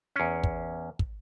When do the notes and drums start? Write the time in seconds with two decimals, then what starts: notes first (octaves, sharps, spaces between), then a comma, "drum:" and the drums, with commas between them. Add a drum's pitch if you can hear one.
0.16 E2 C#4
0.43 drum: kick
0.99 drum: kick